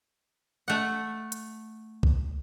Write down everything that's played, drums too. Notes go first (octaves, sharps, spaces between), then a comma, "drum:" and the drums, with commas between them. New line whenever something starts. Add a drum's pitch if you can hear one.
A3 F#5
drum: hi-hat
drum: kick B1